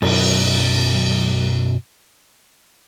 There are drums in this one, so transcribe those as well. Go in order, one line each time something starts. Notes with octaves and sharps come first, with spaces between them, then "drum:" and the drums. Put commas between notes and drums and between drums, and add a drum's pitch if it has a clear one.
B1 F#2, drum: cymbal